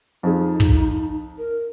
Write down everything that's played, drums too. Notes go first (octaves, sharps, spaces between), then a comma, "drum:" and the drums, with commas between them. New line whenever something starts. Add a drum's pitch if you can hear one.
F2 D#4 G#4
drum: kick
A#4